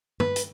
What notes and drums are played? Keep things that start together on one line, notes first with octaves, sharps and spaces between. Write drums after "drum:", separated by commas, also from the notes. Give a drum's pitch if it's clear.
B4, drum: tom
drum: hi-hat